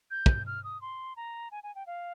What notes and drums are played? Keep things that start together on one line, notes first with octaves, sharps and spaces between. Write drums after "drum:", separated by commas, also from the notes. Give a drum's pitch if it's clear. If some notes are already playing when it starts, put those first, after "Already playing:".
G6
drum: kick
F6
D#6
C6
A#5
G#5
G#5
G5
F5